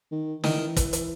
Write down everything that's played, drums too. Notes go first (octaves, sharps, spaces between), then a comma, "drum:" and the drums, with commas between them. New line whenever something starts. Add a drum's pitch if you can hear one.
D#3
D#3 E3, drum: snare
drum: kick, hi-hat
drum: hi-hat